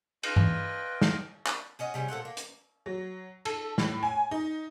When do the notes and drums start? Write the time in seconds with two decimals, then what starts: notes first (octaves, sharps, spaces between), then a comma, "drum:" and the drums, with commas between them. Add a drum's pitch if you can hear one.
0.23 F4 B4 D#5 G5, drum: cymbal
0.36 drum: tom G2
1.02 drum: snare
1.46 drum: clap
1.79 C#4 F#4 D#5
1.94 C3 G3 C#4 G#4
2.08 A#2 A4 C5 F#5
2.25 A#3
2.37 drum: hi-hat
2.86 F#3
3.45 A4, drum: cymbal
3.78 A2, drum: snare
4.03 G#5
4.31 D#4